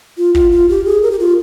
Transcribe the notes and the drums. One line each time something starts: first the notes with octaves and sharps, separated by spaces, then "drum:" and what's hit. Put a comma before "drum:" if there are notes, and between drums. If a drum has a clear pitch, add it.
F4
F4, drum: kick
F4
G4
G#4
A#4
G4
F4